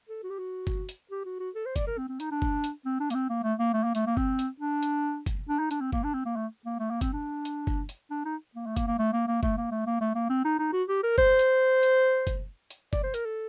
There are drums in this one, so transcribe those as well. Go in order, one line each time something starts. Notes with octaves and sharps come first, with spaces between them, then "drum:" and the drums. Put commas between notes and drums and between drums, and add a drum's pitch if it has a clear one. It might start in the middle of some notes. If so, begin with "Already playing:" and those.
A4
F#4
G4
F#4
drum: kick F#1
drum: hi-hat
G4
F#4
F#4
A4
C5
D5, drum: kick F#1, hi-hat
A#4
C4
C4
D#4, drum: hi-hat
D4
drum: kick F#1
drum: hi-hat
C4
D4
A#3, drum: hi-hat
C4
A#3
A3
A#3
A3
A#3
A3, drum: hi-hat
A#3
C4, drum: kick F#1
drum: hi-hat
D4
drum: hi-hat
drum: kick F#1, hi-hat
D4
D#4
D4, drum: hi-hat
C4
A#3, drum: kick F#1
D4
C4
A#3
A3
A#3
A3
A#3
C4, drum: kick F#1, hi-hat
D4
drum: hi-hat
drum: kick F#1
drum: hi-hat
D4
D#4
A#3
A3
A#3, drum: kick F#1, hi-hat
A#3
A3
A#3
A#3
A3, drum: kick F#1
A#3
A3
A#3
A3
A#3
C4
D#4
D#4
F#4
G4
A#4
C5, drum: kick F#1
drum: hi-hat
drum: hi-hat
drum: kick F#1, hi-hat
drum: hi-hat
D5, drum: kick F#1
C5
A#4, drum: hi-hat
A4